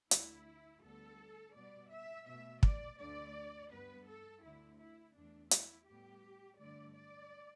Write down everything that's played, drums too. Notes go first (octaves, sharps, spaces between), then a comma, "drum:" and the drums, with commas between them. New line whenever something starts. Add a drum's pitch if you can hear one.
D2 D3 A3 E4, drum: hi-hat
D2 D3 G3 B3 A4
B2 G3 B3 D5
E5
B2 A3 E5
D5, drum: kick
D2 D3 A3 D5
G2 G3 B3 B4
A4
D2 D3 A3 E4
E4
E2 E3 A3 D4
E4, drum: hi-hat
A2 G3 B3 G4
G2 D3 A3 D5
D5